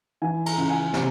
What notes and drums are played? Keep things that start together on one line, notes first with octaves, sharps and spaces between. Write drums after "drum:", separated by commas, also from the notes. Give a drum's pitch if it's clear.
E3 G#5
A#5, drum: cymbal
C#2
G#5
C3, drum: snare